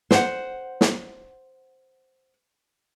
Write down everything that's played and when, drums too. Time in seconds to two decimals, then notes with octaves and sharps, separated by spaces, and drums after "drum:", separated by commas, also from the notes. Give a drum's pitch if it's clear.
0.11 C5 F#5, drum: snare
0.81 drum: snare